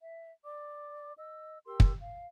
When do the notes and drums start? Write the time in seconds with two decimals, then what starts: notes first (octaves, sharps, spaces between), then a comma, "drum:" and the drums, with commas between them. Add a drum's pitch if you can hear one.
0.01 E5
0.44 D5 D6
1.17 D#5 E6
1.66 G4 A#4 C6 E6
1.80 drum: kick
2.00 F5